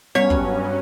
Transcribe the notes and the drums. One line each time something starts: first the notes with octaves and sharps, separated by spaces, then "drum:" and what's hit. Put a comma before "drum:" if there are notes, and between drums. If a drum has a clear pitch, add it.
G2 F#3 G3 B3 C#4 C#5
drum: kick